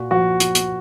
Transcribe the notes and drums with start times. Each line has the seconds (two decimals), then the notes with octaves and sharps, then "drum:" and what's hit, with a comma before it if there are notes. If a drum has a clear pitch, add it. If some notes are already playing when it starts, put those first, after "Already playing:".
Already playing: A#2 F#4
0.11 F3 F#4
0.40 drum: hi-hat
0.55 drum: hi-hat